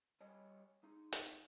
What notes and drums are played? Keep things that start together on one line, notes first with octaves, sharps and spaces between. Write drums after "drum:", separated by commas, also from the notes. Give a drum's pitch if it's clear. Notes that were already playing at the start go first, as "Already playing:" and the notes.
G3 C#5 D#5 G#5
D#4 G#4
drum: hi-hat